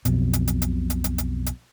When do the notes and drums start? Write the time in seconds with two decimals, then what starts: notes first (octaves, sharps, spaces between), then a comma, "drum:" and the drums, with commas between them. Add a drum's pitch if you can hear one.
0.05 B1 F2 B2, drum: hi-hat
0.33 drum: hi-hat
0.48 drum: hi-hat
0.62 drum: hi-hat
0.90 drum: hi-hat
1.04 drum: hi-hat
1.18 drum: hi-hat
1.46 drum: hi-hat